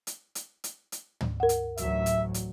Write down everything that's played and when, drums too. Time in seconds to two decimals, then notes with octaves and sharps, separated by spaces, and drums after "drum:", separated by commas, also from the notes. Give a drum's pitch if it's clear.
0.07 drum: hi-hat
0.35 drum: hi-hat
0.64 drum: hi-hat
0.92 drum: hi-hat
1.21 drum: tom
1.40 A#4 F#5
1.49 drum: hi-hat
1.77 A1 D2 F#3 E5, drum: hi-hat
2.06 drum: hi-hat
2.34 drum: hi-hat